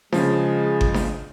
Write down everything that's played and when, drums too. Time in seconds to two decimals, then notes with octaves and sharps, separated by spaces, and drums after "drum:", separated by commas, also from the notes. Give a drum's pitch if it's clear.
0.12 C#3 F3 G#3, drum: snare D4
0.81 drum: kick G1
0.94 drum: snare D4